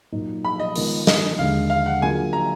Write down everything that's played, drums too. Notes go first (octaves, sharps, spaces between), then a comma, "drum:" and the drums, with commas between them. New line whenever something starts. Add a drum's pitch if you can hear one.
A#2 F#3 A#3 D#4
B5
D#5
D#3 G#3 B3 F4 A#4, drum: open hi-hat
D#5, drum: snare
D#2 D3 G#3 F5
F5
F#5
D3 F#3 A#3 F4 G#4 G#5
A#5